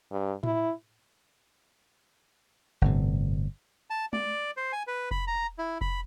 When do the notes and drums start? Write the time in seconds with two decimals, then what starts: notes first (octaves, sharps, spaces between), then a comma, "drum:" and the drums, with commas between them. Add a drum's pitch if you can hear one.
0.12 G2
0.43 E4, drum: tom A2
2.81 G1 A2 C3
3.90 A5
4.13 D5, drum: tom
4.57 C5
4.72 G#5
4.87 B4
5.11 B5, drum: kick F1
5.27 A#5
5.59 E4
5.81 B5, drum: kick F1